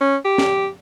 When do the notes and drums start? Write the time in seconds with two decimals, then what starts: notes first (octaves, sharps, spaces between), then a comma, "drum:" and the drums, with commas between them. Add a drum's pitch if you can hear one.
0.01 C#4
0.25 G4
0.38 drum: snare